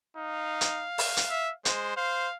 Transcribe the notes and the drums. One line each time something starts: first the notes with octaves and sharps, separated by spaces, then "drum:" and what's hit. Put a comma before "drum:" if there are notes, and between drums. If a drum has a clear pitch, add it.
D#4 F5
drum: hi-hat
drum: open hi-hat
drum: hi-hat
E5
G#3 C5, drum: hi-hat
C5 F5